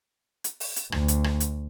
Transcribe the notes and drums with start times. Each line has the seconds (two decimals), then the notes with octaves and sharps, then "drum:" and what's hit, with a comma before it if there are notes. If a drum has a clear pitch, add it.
0.44 drum: hi-hat
0.60 drum: open hi-hat
0.76 drum: hi-hat
0.92 D2, drum: rim click
1.08 drum: hi-hat
1.24 drum: rim click
1.40 drum: hi-hat